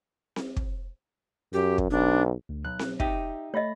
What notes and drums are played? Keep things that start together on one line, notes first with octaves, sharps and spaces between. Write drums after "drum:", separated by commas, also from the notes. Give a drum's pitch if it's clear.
drum: snare C4
drum: kick
F#2 G4
drum: kick
B1 D4
D2
B1 F#6
drum: snare C4
D#4 G4 E5, drum: kick
A3 C#5 D#5 B5 A#6